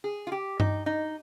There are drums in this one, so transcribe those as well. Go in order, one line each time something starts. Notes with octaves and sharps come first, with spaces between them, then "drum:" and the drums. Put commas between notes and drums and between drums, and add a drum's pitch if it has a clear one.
G#4
F4
G4
D#4, drum: tom G2
D#4